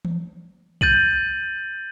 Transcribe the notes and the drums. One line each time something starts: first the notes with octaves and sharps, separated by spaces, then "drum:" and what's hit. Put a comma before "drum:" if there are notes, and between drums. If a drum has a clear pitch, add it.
drum: tom E3
G6 A6 D#7 F#7, drum: kick